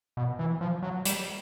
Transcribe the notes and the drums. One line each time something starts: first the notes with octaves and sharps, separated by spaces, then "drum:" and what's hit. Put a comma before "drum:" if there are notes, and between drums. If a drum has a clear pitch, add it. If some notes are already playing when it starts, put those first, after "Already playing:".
B2
E3
F3
F#3
G3, drum: hi-hat